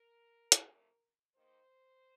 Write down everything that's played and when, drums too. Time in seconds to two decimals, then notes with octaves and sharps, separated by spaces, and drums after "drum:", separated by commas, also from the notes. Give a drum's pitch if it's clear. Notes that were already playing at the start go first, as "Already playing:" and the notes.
Already playing: A#4
0.52 drum: hi-hat
0.63 F2 C3 F3 A3
1.34 D#2 D#3 A#3 C5